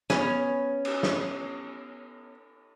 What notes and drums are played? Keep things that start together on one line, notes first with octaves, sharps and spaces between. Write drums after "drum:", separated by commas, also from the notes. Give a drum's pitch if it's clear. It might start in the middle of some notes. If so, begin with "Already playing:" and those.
B3 C#4, drum: snare
drum: cymbal
drum: snare